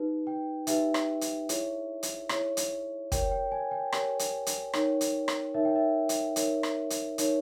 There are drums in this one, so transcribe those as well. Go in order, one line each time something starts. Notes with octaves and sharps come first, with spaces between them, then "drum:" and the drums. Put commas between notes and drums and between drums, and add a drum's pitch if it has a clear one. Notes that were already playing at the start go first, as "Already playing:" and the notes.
Already playing: D#4 G4 B4
G5
D#4 G4 B4 E5, drum: hi-hat
drum: rim click
drum: hi-hat
E4 G#4 C#5, drum: hi-hat
drum: hi-hat
E4 G#4 C#5, drum: rim click
drum: hi-hat
G4 A#4 C#5 G5, drum: kick, hi-hat
G5
G#5
G5
G4 A#4 C#5, drum: rim click
drum: hi-hat
drum: hi-hat
D#4 A#4 C#5, drum: rim click
drum: hi-hat
drum: rim click
D#4 A#4 C#5 E5
G5
E5
drum: hi-hat
D#4 A#4 C#5, drum: hi-hat
drum: rim click
drum: hi-hat
D#4 A#4 C#5, drum: hi-hat